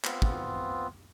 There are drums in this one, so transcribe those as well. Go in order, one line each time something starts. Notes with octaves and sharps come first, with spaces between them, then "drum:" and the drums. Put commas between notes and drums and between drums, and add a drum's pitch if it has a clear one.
B3 C4 F4, drum: clap
drum: kick